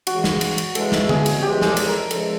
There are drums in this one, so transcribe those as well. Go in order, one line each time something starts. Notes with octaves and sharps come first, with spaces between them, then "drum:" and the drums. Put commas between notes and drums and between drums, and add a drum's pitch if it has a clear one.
C#3 E3 G#3 F#4, drum: cymbal
drum: snare
drum: cymbal
drum: cymbal
C#3 E3 G#3 A4, drum: cymbal
drum: snare
G#4, drum: tom
drum: cymbal
E2 C#3 F3 G#3 G4
G#4 A4, drum: snare
drum: cymbal
A#4
E2 C#3 F3 G#3 A4, drum: cymbal